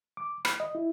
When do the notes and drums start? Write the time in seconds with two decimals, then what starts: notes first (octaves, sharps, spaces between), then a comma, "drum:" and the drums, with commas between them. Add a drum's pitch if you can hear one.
0.17 D6
0.45 B5, drum: rim click
0.60 D#5
0.75 E4